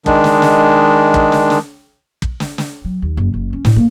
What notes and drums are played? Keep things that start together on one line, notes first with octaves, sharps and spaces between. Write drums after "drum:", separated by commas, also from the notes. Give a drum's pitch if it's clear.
D#3 G#3 D4, drum: kick
drum: snare
drum: snare
drum: kick
drum: snare
drum: snare
drum: kick
drum: snare
drum: snare
F#3
D#2
F#1
F#1
C#4
A2, drum: snare
A#3